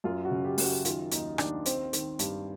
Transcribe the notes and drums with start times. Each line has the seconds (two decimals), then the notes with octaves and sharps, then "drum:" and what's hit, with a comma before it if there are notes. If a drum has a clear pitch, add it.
0.04 F#2 F4
0.25 F#4
0.31 C#3
0.45 G4
0.58 F#2, drum: open hi-hat
0.65 F#4
0.85 D#3 F4, drum: hi-hat
1.11 D#2 D#4, drum: hi-hat
1.38 D#2 D4, drum: rim click
1.66 D#3 C4, drum: hi-hat
1.93 D#3, drum: hi-hat
2.19 G2, drum: hi-hat